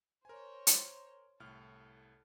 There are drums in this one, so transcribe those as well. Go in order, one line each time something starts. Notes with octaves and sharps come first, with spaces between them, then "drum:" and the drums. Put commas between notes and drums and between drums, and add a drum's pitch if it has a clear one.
A#4 C5 C#5 G#5
drum: hi-hat
C2 A2 A4 F6